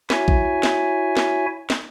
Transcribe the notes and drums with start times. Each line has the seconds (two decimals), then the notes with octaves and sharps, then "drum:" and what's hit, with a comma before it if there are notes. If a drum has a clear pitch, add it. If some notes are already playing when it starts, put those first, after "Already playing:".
0.10 E4 F#4 C#5 E5 G#5, drum: snare
0.28 drum: kick A#1
0.63 drum: snare
1.17 drum: snare
1.70 drum: snare